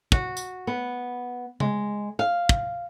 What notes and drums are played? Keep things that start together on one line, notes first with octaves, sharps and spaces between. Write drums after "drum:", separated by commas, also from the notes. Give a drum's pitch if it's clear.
F#4, drum: kick
drum: tambourine
B3
G#3, drum: tom C#3
F5
drum: kick